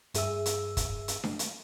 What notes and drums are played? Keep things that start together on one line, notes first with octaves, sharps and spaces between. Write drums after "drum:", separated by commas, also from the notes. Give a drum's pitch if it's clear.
G2 G#4 E5 E6, drum: hi-hat
drum: hi-hat
drum: kick, hi-hat
drum: hi-hat
drum: snare D4
drum: hi-hat